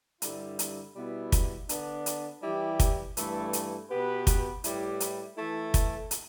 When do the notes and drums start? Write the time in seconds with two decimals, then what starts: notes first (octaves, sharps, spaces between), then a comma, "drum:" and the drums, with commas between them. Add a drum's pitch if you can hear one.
0.22 G2 D3 G3 E4, drum: hi-hat
0.59 drum: hi-hat
0.95 B2 G3 B3 E4
1.32 drum: kick, hi-hat
1.69 D3 B3 D4, drum: hi-hat
2.06 drum: hi-hat
2.43 E3 G3 E4 G4
2.80 drum: kick, hi-hat
3.17 G2 E3 A3 E4 A4, drum: hi-hat
3.53 drum: hi-hat
3.90 B2 B3 G4 B4
4.27 drum: kick, hi-hat
4.64 A2 G3 E4 G4 B4, drum: hi-hat
5.00 drum: hi-hat
5.38 E3 A3 E4 A4
5.74 drum: kick, hi-hat
6.11 drum: hi-hat